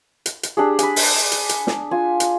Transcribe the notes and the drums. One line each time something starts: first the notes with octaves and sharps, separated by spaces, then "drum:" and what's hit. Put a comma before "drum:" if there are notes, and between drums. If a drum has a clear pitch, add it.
drum: hi-hat
drum: hi-hat
D4 G4 G#4
G#5 B5, drum: hi-hat
drum: open hi-hat
drum: hi-hat
drum: hi-hat
drum: snare
F4 G#5
drum: hi-hat